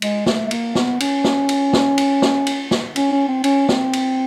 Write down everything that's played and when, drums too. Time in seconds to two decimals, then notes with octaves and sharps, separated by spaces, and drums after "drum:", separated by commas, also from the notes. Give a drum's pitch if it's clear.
0.02 G#3, drum: cymbal
0.26 A3, drum: snare
0.47 A3
0.51 A#3, drum: cymbal
0.75 B3, drum: snare
1.00 C#4, drum: cymbal
1.24 drum: snare
1.49 drum: cymbal
1.73 drum: snare
1.98 drum: cymbal
2.22 drum: snare
2.47 drum: cymbal
2.71 drum: snare
2.96 C#4, drum: cymbal
3.12 C#4
3.28 C4
3.44 C#4, drum: cymbal
3.69 C4, drum: snare
3.93 drum: cymbal